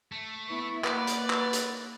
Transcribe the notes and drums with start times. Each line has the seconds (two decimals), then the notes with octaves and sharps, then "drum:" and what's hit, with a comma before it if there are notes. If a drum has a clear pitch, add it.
0.12 A3
0.49 B3 E4 C#6
0.84 A#3 B4 D5 F#5, drum: clap
1.07 drum: hi-hat
1.30 drum: clap
1.53 drum: hi-hat